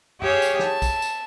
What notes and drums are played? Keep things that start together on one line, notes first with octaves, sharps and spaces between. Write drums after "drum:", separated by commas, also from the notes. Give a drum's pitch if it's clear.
G4 G#4 C#5 E5 F5, drum: tom F#2
drum: tambourine
E5 A5, drum: snare
drum: kick, tambourine
drum: tambourine